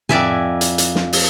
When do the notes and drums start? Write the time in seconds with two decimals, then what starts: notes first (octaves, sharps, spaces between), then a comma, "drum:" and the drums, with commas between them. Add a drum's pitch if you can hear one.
0.09 F2 D5 E5 G#5, drum: tom A2
0.61 drum: hi-hat
0.78 drum: hi-hat
0.95 drum: snare
1.13 drum: open hi-hat